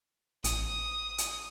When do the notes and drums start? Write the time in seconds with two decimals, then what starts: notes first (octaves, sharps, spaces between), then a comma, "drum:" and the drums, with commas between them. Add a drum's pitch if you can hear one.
0.44 A1 D#6, drum: hi-hat
1.18 drum: hi-hat